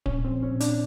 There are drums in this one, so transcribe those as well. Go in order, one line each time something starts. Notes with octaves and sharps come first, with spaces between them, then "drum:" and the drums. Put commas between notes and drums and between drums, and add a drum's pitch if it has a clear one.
A#2 C#4, drum: kick D1
C4
F3
C#4
A#2
D4, drum: hi-hat